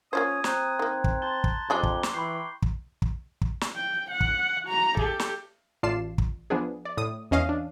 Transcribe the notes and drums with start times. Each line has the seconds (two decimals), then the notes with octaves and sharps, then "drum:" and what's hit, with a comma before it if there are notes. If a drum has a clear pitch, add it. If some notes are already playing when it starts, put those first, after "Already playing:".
0.13 A#3 C#4 F4 C5 D#6 G#6
0.44 C4 A#5 F#6 G6, drum: snare
0.79 D#3 A#3
1.04 drum: kick
1.22 A5 C6 G6 G7
1.44 drum: kick
1.70 F2 G3 G#3 D4 D6 G7
1.83 drum: kick
2.03 drum: snare
2.14 E3 G5 B5 C#6 C7
2.63 drum: kick
3.02 drum: kick
3.42 drum: kick
3.61 drum: snare
3.76 G5
4.11 F#5
4.21 drum: kick
4.66 F#4 A#5
4.97 G4 A4, drum: kick
5.19 drum: snare
5.83 A1 F4 D5 A5 C7 E7
6.18 drum: kick
6.50 F3 B3 D4 G#4
6.85 D5
6.97 A2 D#6
7.31 E2 C#4 D#5 F5 D#7
7.49 D4